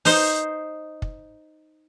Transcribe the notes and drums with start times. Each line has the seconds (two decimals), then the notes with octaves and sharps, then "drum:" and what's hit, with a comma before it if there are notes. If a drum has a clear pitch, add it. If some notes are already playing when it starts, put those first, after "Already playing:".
0.05 D#4 C5, drum: open hi-hat
1.02 drum: kick